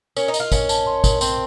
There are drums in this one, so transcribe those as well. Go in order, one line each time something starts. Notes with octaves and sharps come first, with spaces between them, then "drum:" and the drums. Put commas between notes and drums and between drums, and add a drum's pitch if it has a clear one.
C#4 A#4, drum: tambourine
D#4
D#5, drum: tambourine
F4
C#4 A#4, drum: kick, tambourine
A5, drum: tambourine
C6
A#4, drum: kick, tambourine
C4 C6, drum: tambourine